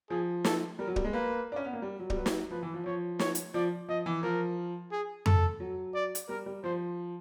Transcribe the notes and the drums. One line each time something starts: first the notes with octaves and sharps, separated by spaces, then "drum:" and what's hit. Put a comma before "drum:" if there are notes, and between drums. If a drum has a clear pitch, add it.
F3 G#4
A4, drum: snare
G3 A#4
F#3
G3, drum: kick
G#3
A#3 B4
D4
C#4
B3
A#3
G3
F#3
G3, drum: kick
F#3 B4
drum: snare
F3 B4
E3
F3
F3 C#5
C#5, drum: snare
drum: hi-hat
F3 D5
F3 D#5
E3
F3 A#4
G#4
A4, drum: tom F2
F#3
D5
drum: hi-hat
G3 A#4
G3
F3 C5